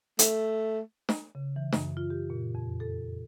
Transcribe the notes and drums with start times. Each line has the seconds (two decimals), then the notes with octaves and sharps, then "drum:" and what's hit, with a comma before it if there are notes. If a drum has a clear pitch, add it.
0.19 A3, drum: hi-hat
1.09 drum: snare
1.35 C#3
1.56 E3
1.72 F#2, drum: snare
1.97 F4
2.10 G4
2.30 A#2
2.55 F2
2.80 A4